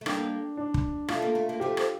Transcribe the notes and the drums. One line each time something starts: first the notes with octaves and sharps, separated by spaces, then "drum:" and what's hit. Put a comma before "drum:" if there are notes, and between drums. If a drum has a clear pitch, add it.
A3
G3 A#3 D4, drum: rim click
D4
drum: kick
A3 F4, drum: rim click
A#3
A3
A#3
F3 A3 G4
drum: rim click